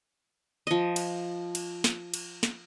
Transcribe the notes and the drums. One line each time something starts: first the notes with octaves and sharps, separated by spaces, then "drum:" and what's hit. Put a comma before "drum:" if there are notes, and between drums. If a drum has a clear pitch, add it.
F3 D#5
drum: cymbal
drum: cymbal
drum: snare
drum: cymbal
drum: snare